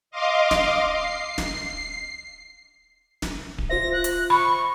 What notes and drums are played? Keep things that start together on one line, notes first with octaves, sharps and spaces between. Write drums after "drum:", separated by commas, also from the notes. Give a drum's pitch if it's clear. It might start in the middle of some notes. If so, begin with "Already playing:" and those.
D#5 F5 C6 D6
drum: snare
C7
drum: snare
drum: snare
drum: kick D1
F4 C5 E5 A#6
F#6
drum: hi-hat
B5 C#6